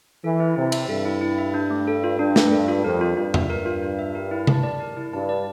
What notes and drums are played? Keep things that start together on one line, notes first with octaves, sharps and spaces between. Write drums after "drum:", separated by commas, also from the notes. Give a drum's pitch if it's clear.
E3 A4
E4
C3 E4
E5, drum: cymbal
G2 A4
E4
E4
E5
D4
A3
A4
F4
G2 D4
A3, drum: snare
A4
F4
F2 A#4
F4
G2 F4
E5, drum: tom E2
G2 A#4
F4
F4
E5
A#4
E4
A5, drum: tom C3
D5
A#4
E4
G2 A5
D5